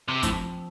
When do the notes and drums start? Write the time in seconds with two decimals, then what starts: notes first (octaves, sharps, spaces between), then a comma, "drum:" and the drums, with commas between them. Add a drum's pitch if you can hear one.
0.08 C3
0.23 A2 F3 C4, drum: kick, hi-hat